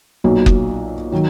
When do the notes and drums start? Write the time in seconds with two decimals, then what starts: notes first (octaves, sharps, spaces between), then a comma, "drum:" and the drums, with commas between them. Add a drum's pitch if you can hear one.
0.24 B1 A#2 F#3
0.46 drum: kick F#1
1.12 D#3 F#3